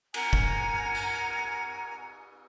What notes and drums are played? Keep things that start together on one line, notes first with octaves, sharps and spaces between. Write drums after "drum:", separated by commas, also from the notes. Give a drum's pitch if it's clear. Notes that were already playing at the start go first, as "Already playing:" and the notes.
A#4 F#5 G#5 A#5, drum: cymbal
drum: kick
drum: tambourine